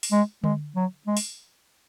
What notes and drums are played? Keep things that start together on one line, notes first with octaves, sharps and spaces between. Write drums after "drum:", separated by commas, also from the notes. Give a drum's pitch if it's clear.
drum: open hi-hat
G#3
G#3, drum: tom D3
F#3
G#3
drum: open hi-hat